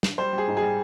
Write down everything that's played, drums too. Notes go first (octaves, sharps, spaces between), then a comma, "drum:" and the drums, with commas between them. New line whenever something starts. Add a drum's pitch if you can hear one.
drum: snare
G3 C5
G3
G#4
G#2
G#4
G3